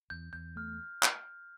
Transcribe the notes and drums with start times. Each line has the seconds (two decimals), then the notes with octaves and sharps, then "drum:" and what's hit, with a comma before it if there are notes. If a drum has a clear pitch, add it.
0.10 E2 G6
0.33 E2 G6
0.56 A3 F6
1.03 drum: clap